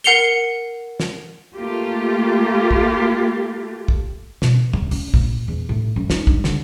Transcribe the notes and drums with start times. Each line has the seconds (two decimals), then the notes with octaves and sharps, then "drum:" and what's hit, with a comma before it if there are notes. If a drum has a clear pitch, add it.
0.04 A#4 F#5 C7 C#7 F7 G7
1.00 drum: snare
1.55 A3 A#3 F4 G4
2.71 drum: kick
3.88 drum: kick
4.42 B2, drum: snare
4.73 D1, drum: tom
4.91 C#4, drum: open hi-hat
5.14 A#2, drum: kick
5.48 E2
5.69 A2
5.96 F#2
6.10 D#4, drum: snare
6.27 G2, drum: kick
6.44 D3, drum: snare